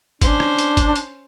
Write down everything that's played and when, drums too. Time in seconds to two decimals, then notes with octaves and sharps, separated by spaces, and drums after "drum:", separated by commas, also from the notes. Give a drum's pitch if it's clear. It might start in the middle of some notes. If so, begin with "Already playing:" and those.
0.22 C#4 D4 C5, drum: kick, hi-hat
0.40 drum: rim click
0.59 drum: hi-hat
0.77 drum: kick, hi-hat
0.96 drum: hi-hat